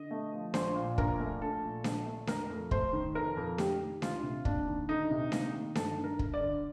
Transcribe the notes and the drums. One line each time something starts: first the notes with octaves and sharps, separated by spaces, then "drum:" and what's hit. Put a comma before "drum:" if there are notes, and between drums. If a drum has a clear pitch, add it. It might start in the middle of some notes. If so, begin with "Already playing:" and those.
Already playing: D3 D#5
A3
F3
A#1 C5, drum: snare D4
A#2
A#1 A#4, drum: kick
A3
A#1 A4
A#2
A#1, drum: snare D4
A3
F1 A#4, drum: snare D4
F2
A3 C5, drum: kick
D#3
F1 A#4
F2
A3 G4, drum: snare D4
D#3
D2 F4, drum: snare D4
C3
A#3 D4, drum: kick
D#3
D2 D#4
C3
A#3, drum: snare D4
D#3
G1 A4, drum: snare D4
G2
A#4
G1, drum: kick
D5
D3